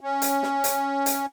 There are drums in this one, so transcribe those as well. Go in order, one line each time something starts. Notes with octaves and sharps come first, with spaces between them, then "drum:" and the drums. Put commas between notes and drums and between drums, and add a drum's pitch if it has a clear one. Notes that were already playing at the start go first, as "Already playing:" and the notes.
C#4
drum: hi-hat
drum: snare
drum: hi-hat
drum: hi-hat